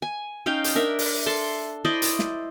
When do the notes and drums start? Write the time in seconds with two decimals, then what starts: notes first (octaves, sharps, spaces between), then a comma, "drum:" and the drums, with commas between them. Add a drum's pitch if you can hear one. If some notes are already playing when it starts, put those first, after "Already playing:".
0.02 G#5
0.46 C#4 D#4 F5 G5
0.64 drum: hi-hat
0.75 D4 A#4 E5
0.99 drum: open hi-hat
1.26 A4 A5 C6
1.85 E4 C5 D5 D#5
2.02 drum: hi-hat
2.19 drum: snare